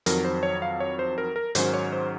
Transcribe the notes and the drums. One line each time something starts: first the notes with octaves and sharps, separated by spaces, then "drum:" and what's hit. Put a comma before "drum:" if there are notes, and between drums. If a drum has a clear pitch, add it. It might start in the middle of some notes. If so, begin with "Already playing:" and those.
F2 D#3 F#3 A#4, drum: hi-hat
C5
C#5
F5
C#5
C5
A#4
A#4
G#2 D#3 F#3 C#4 C5, drum: hi-hat
C#5
C5